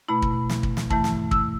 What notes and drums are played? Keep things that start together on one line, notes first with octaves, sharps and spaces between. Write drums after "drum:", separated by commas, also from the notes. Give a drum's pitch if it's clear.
B2 A3 E4 B5
drum: kick
drum: snare
drum: kick
drum: snare
G2 E3 A3 E4 A5, drum: kick
drum: snare
E6, drum: kick